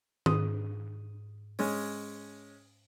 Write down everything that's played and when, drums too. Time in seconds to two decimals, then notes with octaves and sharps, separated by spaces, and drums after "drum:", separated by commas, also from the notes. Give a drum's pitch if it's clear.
0.26 G#2 D#6, drum: tom D#3
1.59 G#3 C#4, drum: open hi-hat